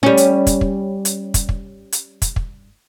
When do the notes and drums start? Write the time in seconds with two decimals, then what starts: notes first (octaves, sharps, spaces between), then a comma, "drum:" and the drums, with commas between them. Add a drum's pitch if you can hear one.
0.03 G3 C#4
0.17 drum: hi-hat
0.47 drum: kick, hi-hat
0.61 drum: kick
1.05 drum: hi-hat
1.34 drum: kick, hi-hat
1.49 drum: kick
1.92 drum: hi-hat
2.22 drum: kick, hi-hat
2.36 drum: kick